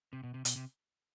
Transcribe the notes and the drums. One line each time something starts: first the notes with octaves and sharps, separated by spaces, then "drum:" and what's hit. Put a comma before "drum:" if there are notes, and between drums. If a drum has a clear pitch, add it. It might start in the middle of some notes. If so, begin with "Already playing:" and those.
C3
B2
C3
B2, drum: hi-hat
C3